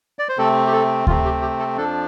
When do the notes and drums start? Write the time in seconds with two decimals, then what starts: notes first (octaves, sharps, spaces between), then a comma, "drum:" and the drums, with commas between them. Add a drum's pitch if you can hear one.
0.19 D5
0.29 C5
0.37 C3 A3 C4 A4
0.67 G4
0.73 A4
1.07 C3 A3 C4 F4, drum: kick D2
1.25 G4
1.42 G4
1.59 A4
1.77 F2 F3 D4 A4